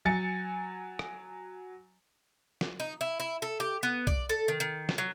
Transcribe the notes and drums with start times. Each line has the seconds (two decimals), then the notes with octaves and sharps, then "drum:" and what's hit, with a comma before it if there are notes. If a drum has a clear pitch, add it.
0.05 F#3 G#5 A6 C#7
0.99 drum: rim click
2.61 drum: snare
2.80 D#4
3.01 E4
3.20 E4
3.42 A4
3.60 G4
3.83 B3
4.07 D5, drum: kick B1
4.29 A4
4.48 D#3
4.60 D#3
4.89 drum: snare
4.98 F#3